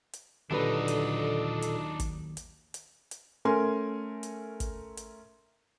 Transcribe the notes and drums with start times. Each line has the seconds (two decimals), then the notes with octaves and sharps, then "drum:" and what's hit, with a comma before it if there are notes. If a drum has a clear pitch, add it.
0.13 drum: hi-hat
0.51 D#2 A#2 D3 F#3 D4 D#4 A4 B4
0.88 drum: hi-hat
1.62 drum: hi-hat
2.00 drum: kick, hi-hat
2.37 drum: hi-hat
2.74 drum: hi-hat
3.11 drum: hi-hat
3.45 A3 C#4 A#4 G#5 C6
4.23 drum: hi-hat
4.60 drum: kick, hi-hat
4.97 drum: hi-hat